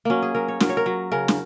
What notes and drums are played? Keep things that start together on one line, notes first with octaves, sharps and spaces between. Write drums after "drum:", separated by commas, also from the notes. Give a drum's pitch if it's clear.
F#3 A#3 C#4
G#4
F#3 A#4
C#5
F#3 A#4, drum: snare
C#5
A#4
F#3
C#3 A#4
drum: snare